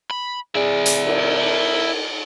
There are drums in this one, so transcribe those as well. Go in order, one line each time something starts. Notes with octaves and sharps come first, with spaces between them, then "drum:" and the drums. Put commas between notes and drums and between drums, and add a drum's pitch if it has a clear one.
B5
E4 G#4 D5
drum: hi-hat
A#4, drum: cymbal